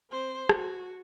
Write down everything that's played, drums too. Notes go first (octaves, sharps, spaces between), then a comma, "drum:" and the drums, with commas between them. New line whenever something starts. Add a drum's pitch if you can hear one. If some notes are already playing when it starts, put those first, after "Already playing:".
C4 C5
F#4, drum: rim click